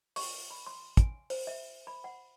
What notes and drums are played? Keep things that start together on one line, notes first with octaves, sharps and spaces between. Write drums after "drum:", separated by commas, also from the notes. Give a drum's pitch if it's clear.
C#6, drum: open hi-hat
B5
C6
G#5, drum: kick, hi-hat
C5, drum: open hi-hat
E5
B5
F#5